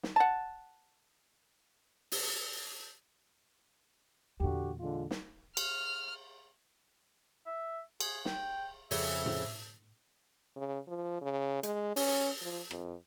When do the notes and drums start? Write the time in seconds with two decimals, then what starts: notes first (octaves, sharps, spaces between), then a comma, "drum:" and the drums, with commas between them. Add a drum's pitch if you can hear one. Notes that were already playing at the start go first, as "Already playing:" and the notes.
0.03 drum: snare
0.16 F#5 A5
2.12 drum: open hi-hat
4.40 E2 A#2 D3 F#4 G4
4.80 D3 G#3 F4
5.11 drum: snare
5.57 F6, drum: cymbal
7.46 E5
8.00 G#4, drum: cymbal
8.25 G5, drum: snare
8.91 F2 C#3 E5, drum: open hi-hat
9.26 drum: tom A2
10.57 C#3
10.87 F3
11.22 C#3
11.63 G#3, drum: hi-hat
11.96 C#4, drum: open hi-hat
12.42 F3
12.71 F2, drum: rim click